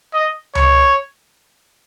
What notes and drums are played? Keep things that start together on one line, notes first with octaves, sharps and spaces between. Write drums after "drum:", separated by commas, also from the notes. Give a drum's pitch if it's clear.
D#5
C#5, drum: tom C#2